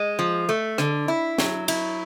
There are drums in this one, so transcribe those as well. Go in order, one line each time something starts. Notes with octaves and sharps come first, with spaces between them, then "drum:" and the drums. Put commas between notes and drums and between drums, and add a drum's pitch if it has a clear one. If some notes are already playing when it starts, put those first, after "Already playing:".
Already playing: G#3
F3
A3
D3, drum: rim click
E4
F#3, drum: snare
E4, drum: cymbal